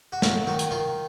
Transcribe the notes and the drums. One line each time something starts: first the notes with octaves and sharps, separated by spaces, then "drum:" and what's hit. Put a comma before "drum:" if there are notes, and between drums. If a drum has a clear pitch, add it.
F#4
F#3 F4, drum: snare
D#3 F#4
drum: hi-hat
D#3 F4